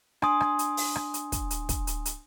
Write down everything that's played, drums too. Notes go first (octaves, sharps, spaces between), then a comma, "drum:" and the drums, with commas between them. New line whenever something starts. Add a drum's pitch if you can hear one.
D4 G#5 C6 D#6, drum: rim click
drum: rim click
drum: hi-hat
drum: open hi-hat
drum: rim click
drum: hi-hat
drum: kick, hi-hat
drum: hi-hat
drum: kick, hi-hat
drum: hi-hat
drum: hi-hat